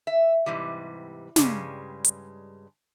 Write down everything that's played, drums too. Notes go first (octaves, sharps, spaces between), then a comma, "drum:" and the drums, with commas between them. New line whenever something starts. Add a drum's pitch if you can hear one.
E5
G#2 C3 E3 G3
G2 C#3 G3 G#3, drum: snare
drum: hi-hat